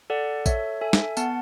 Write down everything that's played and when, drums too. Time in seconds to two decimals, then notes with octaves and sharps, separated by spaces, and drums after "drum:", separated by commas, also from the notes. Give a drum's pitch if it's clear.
0.10 A4 D5 F#5
0.46 A4 C#5 E5, drum: kick A#1, tambourine
0.81 A4 E5 G#5
0.93 drum: snare
1.17 B3 F#5 A5, drum: tambourine